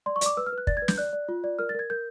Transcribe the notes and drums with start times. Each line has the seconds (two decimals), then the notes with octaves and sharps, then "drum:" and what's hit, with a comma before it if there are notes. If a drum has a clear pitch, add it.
0.06 D5 C6
0.16 C#6
0.21 D5 D6, drum: hi-hat
0.37 B4 E6
0.46 F6
0.53 B4
0.58 F#6
0.67 D5 A6, drum: kick
0.77 G#6
0.82 B4
0.88 G6, drum: snare
0.98 D5 F#6
1.13 D5
1.29 F4
1.44 D5
1.59 A#4 F6
1.69 A6
1.75 A#4 G#6
1.90 A#4 G6